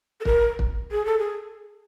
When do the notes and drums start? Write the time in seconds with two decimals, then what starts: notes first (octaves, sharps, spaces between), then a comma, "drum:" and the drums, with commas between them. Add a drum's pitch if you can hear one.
0.20 A4
0.25 A#4, drum: kick
0.59 drum: kick
0.92 G#4
1.06 A4
1.19 G#4